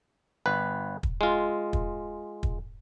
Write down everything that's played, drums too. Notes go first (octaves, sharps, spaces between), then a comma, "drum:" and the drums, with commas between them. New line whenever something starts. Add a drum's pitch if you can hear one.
G1 B4
drum: kick
G#3 F4
drum: kick
drum: kick